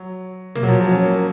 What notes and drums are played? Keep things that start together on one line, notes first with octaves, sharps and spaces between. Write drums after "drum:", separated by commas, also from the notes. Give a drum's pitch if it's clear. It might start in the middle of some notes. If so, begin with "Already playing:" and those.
Already playing: F#3
A#3, drum: tom
F#3
F3
F#3
C#4
A#3